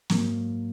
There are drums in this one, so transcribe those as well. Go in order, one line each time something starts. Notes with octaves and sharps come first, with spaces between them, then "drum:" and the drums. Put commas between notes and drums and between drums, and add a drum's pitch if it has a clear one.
G#2 F#3 A#3, drum: snare